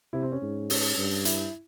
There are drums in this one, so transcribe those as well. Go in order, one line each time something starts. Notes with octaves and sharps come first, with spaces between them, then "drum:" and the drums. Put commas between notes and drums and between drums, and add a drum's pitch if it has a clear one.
C3 E4
C4
C#4
G#2
C#4, drum: open hi-hat
G2
E4, drum: hi-hat